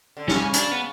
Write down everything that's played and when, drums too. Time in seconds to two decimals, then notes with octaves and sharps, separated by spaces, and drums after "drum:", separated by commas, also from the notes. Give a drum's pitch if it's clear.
0.17 D3
0.28 C#3 C#4, drum: snare
0.54 D4, drum: hi-hat
0.71 B3